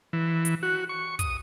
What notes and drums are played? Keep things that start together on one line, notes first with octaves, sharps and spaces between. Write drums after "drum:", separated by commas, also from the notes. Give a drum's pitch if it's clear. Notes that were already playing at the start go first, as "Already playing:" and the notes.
E3
drum: hi-hat
F#4
C#6
D#6, drum: kick, hi-hat